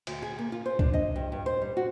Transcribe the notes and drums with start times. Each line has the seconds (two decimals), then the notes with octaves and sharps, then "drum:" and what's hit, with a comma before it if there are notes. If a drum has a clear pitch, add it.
0.07 D2, drum: cymbal
0.22 G#4
0.39 A#3
0.52 F4
0.66 C5
0.79 D4, drum: kick C2
0.94 D#5
1.16 G2
1.32 G2
1.46 C5
1.62 G3
1.77 F#4